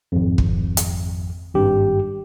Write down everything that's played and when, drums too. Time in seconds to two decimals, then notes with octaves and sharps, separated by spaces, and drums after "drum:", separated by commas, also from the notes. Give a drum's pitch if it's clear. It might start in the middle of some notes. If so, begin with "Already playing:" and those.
0.12 G#1 F2
0.38 drum: kick
0.77 drum: hi-hat
1.55 G#1 G2 G4